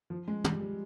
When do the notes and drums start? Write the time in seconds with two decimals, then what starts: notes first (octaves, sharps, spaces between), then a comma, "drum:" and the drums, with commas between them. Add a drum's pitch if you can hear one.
0.10 F3
0.28 G#3
0.44 G3, drum: tom
0.61 G3